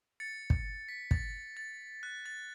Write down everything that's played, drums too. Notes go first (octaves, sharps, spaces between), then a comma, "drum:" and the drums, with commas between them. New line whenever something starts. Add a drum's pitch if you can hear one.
A6 C#7
drum: kick
B6
A6, drum: kick
A6
F#6
A6